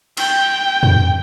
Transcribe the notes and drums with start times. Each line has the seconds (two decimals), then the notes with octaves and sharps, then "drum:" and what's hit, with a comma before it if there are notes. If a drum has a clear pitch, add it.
0.17 G5, drum: cymbal
0.83 drum: tom F2